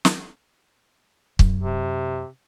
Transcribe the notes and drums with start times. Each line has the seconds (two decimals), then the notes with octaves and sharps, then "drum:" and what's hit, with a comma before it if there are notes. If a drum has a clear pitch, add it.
0.05 drum: snare
1.39 F#2, drum: kick
1.60 C3